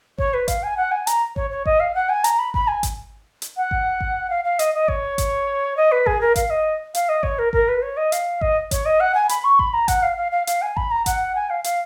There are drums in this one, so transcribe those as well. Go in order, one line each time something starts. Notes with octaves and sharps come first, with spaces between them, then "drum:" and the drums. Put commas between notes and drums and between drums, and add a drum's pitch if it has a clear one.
C#5, drum: kick G#1
B4
F5, drum: kick G#1, hi-hat
G#5
F#5
G#5
A#5, drum: hi-hat
C#5, drum: kick G#1
C#5
D#5, drum: kick G#1
F5
F#5
G#5
A#5, drum: hi-hat
B5
B5, drum: kick G#1
G#5
drum: kick G#1, hi-hat
drum: hi-hat
F#5
drum: kick G#1
drum: kick G#1
F5
F5
D#5, drum: hi-hat
D#5
C#5, drum: kick G#1
drum: kick G#1, hi-hat
D#5
B4
G#4, drum: kick G#1
A#4
F5, drum: kick G#1, hi-hat
D#5
F5, drum: hi-hat
D#5
C#5, drum: kick G#1
A#4
A#4, drum: kick G#1
B4
C#5
D#5
F5, drum: hi-hat
D#5, drum: kick G#1
C#5, drum: kick G#1, hi-hat
D#5
F#5
G#5
B5, drum: hi-hat
C#6
B5, drum: kick G#1
A#5
F#5, drum: kick G#1, hi-hat
F5
F5
F5
F5, drum: hi-hat
G#5
B5, drum: kick G#1
A#5
F#5, drum: kick G#1, hi-hat
G#5
F5
F5, drum: hi-hat